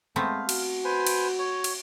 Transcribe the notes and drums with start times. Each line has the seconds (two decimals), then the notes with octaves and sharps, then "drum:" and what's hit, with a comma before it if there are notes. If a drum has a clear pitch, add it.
0.16 G#3 A3 B3 C4 F5
0.49 F#4, drum: cymbal
0.85 B4 C5 G#5
1.07 drum: cymbal
1.39 C#5
1.64 drum: cymbal